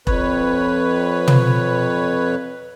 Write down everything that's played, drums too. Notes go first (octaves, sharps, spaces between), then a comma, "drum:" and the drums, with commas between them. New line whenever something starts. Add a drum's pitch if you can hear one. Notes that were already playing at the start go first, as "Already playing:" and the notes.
F2 B4 C#5, drum: kick E1
drum: tom